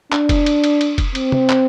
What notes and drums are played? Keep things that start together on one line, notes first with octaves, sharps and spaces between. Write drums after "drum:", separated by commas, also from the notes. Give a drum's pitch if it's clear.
D4, drum: clap
drum: kick F1, cymbal
drum: cymbal
drum: cymbal
drum: cymbal
drum: kick F1, cymbal
C4, drum: cymbal
drum: tom
drum: clap